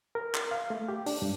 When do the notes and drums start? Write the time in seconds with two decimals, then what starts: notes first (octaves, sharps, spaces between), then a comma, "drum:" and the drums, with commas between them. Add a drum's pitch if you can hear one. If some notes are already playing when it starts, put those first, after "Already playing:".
0.15 A#4
0.35 drum: clap
0.51 F5
0.70 A3
0.88 G4
1.06 D4, drum: open hi-hat
1.22 G2